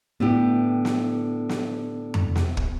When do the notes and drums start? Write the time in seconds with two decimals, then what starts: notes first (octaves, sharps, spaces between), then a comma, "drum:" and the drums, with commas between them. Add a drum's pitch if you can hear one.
0.20 A2 D3 B3 E4 G4
0.85 drum: snare
1.49 drum: snare
2.14 drum: tom F2
2.35 drum: snare
2.57 drum: kick